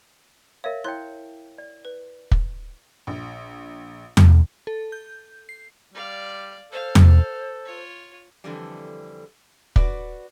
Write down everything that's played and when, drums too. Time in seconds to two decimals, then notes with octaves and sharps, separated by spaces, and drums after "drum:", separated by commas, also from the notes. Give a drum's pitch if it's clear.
0.64 A#4 C#5 E5 F5
0.84 E4 C#5 G5 C6 F#6
1.58 D5
1.85 B4
2.31 drum: kick
3.07 A#1
4.17 drum: tom E2
4.67 A4
4.92 G6
5.49 C7
5.94 G3 D5 F5
6.72 A4 C5 F5
6.95 drum: tom E2
7.65 F4 C#5
8.44 F2 D3 E3 G3
9.76 F#4 B4 D5, drum: kick